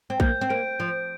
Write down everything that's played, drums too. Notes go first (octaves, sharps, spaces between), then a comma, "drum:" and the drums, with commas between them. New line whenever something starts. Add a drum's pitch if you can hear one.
C4
A#3 G6, drum: kick A#1
C4
A#3 D7
F3 D7